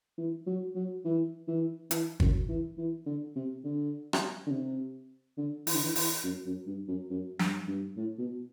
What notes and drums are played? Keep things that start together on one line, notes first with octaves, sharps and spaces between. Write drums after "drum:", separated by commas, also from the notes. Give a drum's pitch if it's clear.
E3
F#3
F#3
E3
E3
E3, drum: hi-hat
F#2, drum: kick
E3
E3
D3
C3
D3
drum: rim click
D3
C3
D3
E3, drum: open hi-hat
D3
E3
E3, drum: open hi-hat
F#2
F#2
G2
F#2
F#2
G2, drum: snare
G2
A2
B2